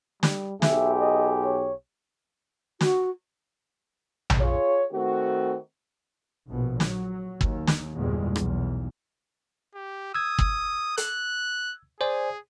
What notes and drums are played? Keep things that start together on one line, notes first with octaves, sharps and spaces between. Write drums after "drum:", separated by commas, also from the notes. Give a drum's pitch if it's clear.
G3, drum: snare
B1 G4 G#4 E5, drum: snare
D#5
C#5
F#4, drum: snare
drum: tom A#1
F4 G#4 C#5
D#3 A3 C4 F#4
A#1 B2
F#3, drum: snare
D#2, drum: kick
drum: snare
G1 E2 A#2 G3 G#3
B1 E2, drum: rim click
G4
D#6 E6 G#6
drum: kick
F#6, drum: hi-hat
G#4 C5 D5 G#5